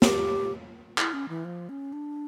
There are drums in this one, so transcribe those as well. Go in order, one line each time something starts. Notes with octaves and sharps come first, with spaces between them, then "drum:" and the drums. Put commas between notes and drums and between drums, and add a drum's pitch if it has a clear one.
G4, drum: snare
E4, drum: clap
C#4
E3
F3
C#4
D4